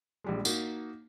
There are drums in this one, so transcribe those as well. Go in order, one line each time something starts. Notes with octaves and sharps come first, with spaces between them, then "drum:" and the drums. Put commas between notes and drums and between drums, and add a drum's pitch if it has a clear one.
A#1 G3 G#3
A#3 D#4 F#4, drum: tambourine